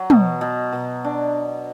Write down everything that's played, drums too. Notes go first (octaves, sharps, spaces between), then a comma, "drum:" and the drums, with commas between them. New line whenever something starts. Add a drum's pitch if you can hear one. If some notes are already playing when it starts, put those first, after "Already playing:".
Already playing: F#3
B2, drum: tom
B2
B2
D4